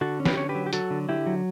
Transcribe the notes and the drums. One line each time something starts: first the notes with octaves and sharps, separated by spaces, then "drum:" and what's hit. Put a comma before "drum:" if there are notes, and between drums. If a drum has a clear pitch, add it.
D3 F#4 A4
C#4
G4 B4, drum: snare
D3 C#5
G4 B4
F#3
G4
F#3 F#4 A4, drum: hi-hat
D3
D3 E4 G4
F#3